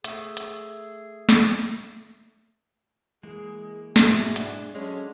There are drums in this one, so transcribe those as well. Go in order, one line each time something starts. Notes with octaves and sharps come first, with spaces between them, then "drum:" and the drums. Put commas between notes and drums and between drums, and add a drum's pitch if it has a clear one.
A3 G#4, drum: hi-hat
drum: hi-hat
drum: snare
E3 G#3 A#3 G#4
G#2 B2 G#3 E4 F#4 G#5, drum: snare
D4, drum: hi-hat
D3 F#3 G#3 C#4 C#5